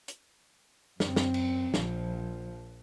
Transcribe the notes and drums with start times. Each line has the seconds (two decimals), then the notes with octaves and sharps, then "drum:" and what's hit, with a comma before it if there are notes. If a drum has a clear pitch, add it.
0.08 drum: hi-hat
1.00 F#2 C4, drum: snare
1.16 drum: snare
1.34 drum: cymbal
1.74 A#1 F3, drum: snare